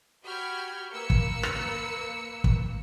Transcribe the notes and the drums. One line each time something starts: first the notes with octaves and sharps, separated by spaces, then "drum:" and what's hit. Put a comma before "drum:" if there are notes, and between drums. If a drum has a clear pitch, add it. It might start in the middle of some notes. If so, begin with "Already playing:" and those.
F#4 G4 G5 B5 F6 G#6
A#3 B4 E6 C#7
drum: kick
drum: rim click
drum: kick